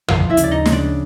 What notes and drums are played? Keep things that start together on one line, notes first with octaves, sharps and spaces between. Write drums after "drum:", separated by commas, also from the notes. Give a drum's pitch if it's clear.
F3 F4 F5, drum: tom
E4 E5
C#3, drum: hi-hat
D5
D#4 D#5
C#3, drum: snare
D4 D5